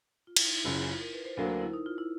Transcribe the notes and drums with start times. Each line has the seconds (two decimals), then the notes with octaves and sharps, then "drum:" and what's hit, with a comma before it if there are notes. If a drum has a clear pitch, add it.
0.27 F4
0.36 E4, drum: cymbal
0.46 D#4
0.55 E4
0.64 F#1 F#2 C#3 F4
0.76 E4
0.88 F4
1.00 A#4
1.13 B4
1.25 C5
1.37 D2 D3 F#3 A#3 C5
1.49 A#4
1.61 E4
1.74 D#4
1.86 F4
1.98 E4